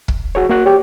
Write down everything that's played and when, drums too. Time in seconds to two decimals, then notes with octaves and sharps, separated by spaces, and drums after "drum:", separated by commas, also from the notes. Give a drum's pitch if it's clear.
0.08 drum: kick
0.35 F#4 G#4 C#5
0.49 A#3 F#4 F#6
0.66 G4 C#5